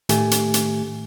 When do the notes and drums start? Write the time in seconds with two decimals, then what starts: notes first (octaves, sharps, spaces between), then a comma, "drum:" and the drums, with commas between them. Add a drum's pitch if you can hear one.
0.09 A2 D#3 A3 G4 G#5, drum: hi-hat
0.31 drum: hi-hat
0.54 drum: hi-hat